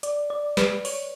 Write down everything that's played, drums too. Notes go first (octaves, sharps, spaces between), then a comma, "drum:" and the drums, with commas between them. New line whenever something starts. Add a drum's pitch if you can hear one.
D5, drum: hi-hat
D5
B4, drum: snare
C#5, drum: open hi-hat